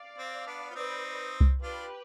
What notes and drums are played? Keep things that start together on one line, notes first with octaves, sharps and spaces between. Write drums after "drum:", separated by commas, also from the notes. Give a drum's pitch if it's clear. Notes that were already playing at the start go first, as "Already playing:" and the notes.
Already playing: D5 F5
C4
B3 D4
F4
C4 D#4 B4 D5
drum: kick C2
D4 F4 G4 B4